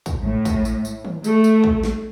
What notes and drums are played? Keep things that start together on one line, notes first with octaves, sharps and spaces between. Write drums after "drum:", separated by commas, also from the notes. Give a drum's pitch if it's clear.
drum: kick, tambourine
A2
drum: kick, tambourine
drum: tambourine
drum: tambourine
drum: tom D#3
A3, drum: tambourine
drum: tambourine
drum: kick
drum: snare